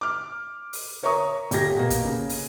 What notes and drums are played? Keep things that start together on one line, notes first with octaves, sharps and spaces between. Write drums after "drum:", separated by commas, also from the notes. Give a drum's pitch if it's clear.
D6 F6
drum: open hi-hat
A#4 C#5 E5 A#5 C#6 D#6
D#1 A#3 G4 G#6 A#6, drum: hi-hat
B2 A#3
drum: kick, hi-hat
C#3
drum: open hi-hat